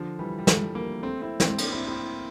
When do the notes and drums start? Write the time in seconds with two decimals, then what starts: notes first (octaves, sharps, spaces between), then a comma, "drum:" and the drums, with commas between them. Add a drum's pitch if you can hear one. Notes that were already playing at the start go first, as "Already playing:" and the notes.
Already playing: D3 F3
0.19 E3 G3
0.39 G3
0.47 F3 A3, drum: snare
0.75 G3 A#3
1.03 A3 C4
1.22 C4 E4
1.40 C4 E4, drum: snare
1.58 A#3 D4, drum: cymbal
1.72 C4 E4
1.87 C4 E4